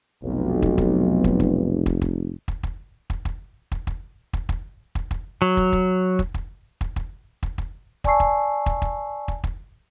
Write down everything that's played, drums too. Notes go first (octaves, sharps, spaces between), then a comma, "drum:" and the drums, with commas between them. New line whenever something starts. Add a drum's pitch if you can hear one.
F1 B1
drum: kick
drum: kick
drum: kick
drum: kick
drum: kick
drum: kick
drum: kick
drum: kick
drum: kick
drum: kick
drum: kick
drum: kick
drum: kick
drum: kick
drum: kick
drum: kick
F#3
drum: kick
drum: kick
drum: kick
drum: kick
drum: kick
drum: kick
drum: kick
drum: kick
D5 G#5 A5 C#6 E6 C7, drum: kick
drum: kick
drum: kick
drum: kick
drum: kick
drum: kick